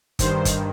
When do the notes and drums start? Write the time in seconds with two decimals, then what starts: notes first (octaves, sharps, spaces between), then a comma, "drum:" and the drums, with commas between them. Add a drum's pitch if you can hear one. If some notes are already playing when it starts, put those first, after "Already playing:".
0.19 G2 D#3 C5, drum: kick G1, hi-hat
0.45 drum: kick G1, hi-hat